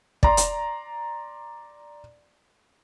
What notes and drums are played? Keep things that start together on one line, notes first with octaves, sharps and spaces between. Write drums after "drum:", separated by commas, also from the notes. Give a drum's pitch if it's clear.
D5 A#5 C6, drum: kick
drum: hi-hat